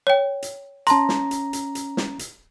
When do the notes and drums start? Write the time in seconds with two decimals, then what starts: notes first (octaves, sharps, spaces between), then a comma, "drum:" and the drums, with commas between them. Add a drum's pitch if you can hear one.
0.07 C#5 G5
0.42 drum: hi-hat
0.87 C#4 A5 A#5 C6, drum: hi-hat
1.09 drum: snare
1.31 drum: hi-hat
1.53 drum: hi-hat
1.75 drum: hi-hat
1.97 drum: snare
2.19 drum: hi-hat